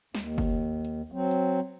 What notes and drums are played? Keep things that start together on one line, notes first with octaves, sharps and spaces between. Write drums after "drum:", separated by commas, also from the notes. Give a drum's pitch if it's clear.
D#2, drum: snare
drum: kick F#1, open hi-hat
drum: hi-hat
F#3 C4
drum: hi-hat